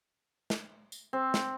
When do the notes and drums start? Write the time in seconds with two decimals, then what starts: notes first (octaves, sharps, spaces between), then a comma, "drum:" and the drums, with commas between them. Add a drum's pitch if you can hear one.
0.50 drum: snare
0.92 drum: tambourine
1.13 C4
1.34 drum: snare